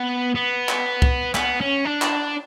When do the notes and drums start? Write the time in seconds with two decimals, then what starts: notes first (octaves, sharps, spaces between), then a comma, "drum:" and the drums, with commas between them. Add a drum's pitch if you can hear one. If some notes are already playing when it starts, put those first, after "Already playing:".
Already playing: B3
0.35 B3
0.69 drum: clap
1.02 drum: kick C2
1.35 B3, drum: clap
1.61 C#4
1.85 D4
2.02 drum: clap